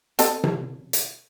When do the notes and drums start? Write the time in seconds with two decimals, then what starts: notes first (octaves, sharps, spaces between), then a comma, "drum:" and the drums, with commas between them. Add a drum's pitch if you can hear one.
0.19 C4 A4 D#5, drum: hi-hat
0.44 drum: tom C3
0.93 drum: hi-hat